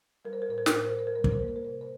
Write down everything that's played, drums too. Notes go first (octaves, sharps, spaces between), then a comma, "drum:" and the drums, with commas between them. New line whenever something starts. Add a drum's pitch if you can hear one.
G3 A#4
C5
A#4
A2 C5
A#4
C5, drum: snare
A2 A#4
C5
A#4
A2 C5
A#4
C5
G3
A#4, drum: kick
C5
A#3 A#4
C5
A#4
C3 C5
A#4
C5